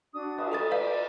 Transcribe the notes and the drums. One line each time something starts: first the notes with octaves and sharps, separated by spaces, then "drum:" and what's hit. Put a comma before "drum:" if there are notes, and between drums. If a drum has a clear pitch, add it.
D4 F#4 D#6
drum: cymbal
A4 D#6 A6
B4 D5 F5